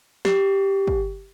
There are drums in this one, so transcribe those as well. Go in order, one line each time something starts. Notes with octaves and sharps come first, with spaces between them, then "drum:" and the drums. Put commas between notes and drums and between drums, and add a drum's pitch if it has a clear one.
G4, drum: snare
drum: kick